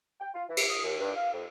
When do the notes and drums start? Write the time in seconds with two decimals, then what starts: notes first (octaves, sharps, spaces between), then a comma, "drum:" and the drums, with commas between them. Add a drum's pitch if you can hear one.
0.20 G5
0.34 F4
0.48 E3
0.57 drum: cymbal
0.69 D#6
0.83 D#2
1.00 G2
1.16 F5
1.33 F2